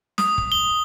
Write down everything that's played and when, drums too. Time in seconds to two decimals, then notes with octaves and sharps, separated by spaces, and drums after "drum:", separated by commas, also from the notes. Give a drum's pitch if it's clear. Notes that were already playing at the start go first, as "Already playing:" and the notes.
0.18 D#6, drum: snare
0.38 drum: kick
0.52 G7